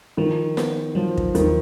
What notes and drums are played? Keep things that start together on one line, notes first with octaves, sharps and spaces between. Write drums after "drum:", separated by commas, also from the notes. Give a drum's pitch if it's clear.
D#3 F3
B3, drum: snare
F3 F#3
drum: kick
D#2 D#3, drum: hi-hat